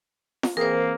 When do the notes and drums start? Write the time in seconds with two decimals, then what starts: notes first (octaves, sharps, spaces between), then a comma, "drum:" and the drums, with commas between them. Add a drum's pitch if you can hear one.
0.43 drum: snare
0.57 E3 A#3 C4 G#4 A#4 C5